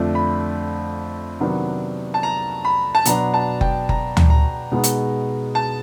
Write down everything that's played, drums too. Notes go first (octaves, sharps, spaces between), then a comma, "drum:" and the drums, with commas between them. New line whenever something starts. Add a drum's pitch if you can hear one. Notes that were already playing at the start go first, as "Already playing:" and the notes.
Already playing: F2 D3 F3 A3 D4
B5
C3 D#3 F#3 B3 D4
A5
A#5
B5
A5
B2 F#3 B3 D4 A#5, drum: hi-hat
A5
G5, drum: kick F#1
A#5, drum: kick F#1
drum: tom D2
A#5
B2 G#3 B3 D#4
drum: hi-hat
A5